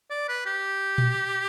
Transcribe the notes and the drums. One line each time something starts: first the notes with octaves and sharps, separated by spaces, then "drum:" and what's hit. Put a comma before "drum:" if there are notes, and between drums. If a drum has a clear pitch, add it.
D5
B4
G4
drum: tom A#2